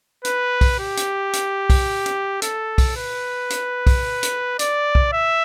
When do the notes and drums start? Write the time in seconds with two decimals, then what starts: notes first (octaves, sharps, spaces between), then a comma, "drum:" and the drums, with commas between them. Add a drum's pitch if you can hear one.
0.25 B4, drum: hi-hat
0.61 drum: kick B1, open hi-hat
0.79 G4
0.97 drum: hi-hat
1.33 drum: hi-hat
1.70 drum: kick B1, open hi-hat
2.06 drum: hi-hat
2.42 A4, drum: hi-hat
2.78 drum: kick B1, open hi-hat
2.96 B4
3.50 drum: hi-hat
3.87 drum: kick B1, open hi-hat
4.23 drum: hi-hat
4.59 D5, drum: hi-hat
4.95 drum: kick B1
5.13 E5